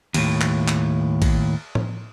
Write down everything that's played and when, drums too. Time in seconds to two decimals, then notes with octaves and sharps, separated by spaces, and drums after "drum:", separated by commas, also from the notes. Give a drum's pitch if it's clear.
0.14 D#2 A2, drum: cymbal
0.41 drum: clap
0.68 drum: clap
1.22 drum: kick, cymbal
1.75 drum: tom A2